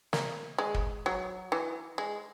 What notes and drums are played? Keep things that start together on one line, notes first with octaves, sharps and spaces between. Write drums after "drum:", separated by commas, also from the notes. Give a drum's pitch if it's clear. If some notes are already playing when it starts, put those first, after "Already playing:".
A#3, drum: snare
G#3
drum: kick
F#3
E3
G#3